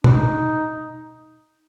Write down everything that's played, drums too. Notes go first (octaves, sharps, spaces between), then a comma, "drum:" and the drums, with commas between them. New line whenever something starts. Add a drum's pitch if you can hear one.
D4, drum: tom
D#4